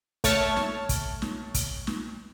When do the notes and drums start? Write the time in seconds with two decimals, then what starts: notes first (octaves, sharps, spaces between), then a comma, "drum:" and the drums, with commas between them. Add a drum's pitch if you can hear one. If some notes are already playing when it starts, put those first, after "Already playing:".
0.24 A3 C#5 A5 F6, drum: kick, hi-hat
0.57 drum: snare
0.89 drum: kick, hi-hat
1.22 drum: snare
1.54 drum: kick, hi-hat
1.87 drum: snare